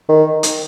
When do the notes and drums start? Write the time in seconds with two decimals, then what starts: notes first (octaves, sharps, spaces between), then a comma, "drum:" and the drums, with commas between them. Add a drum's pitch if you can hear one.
0.09 D#3
0.43 drum: hi-hat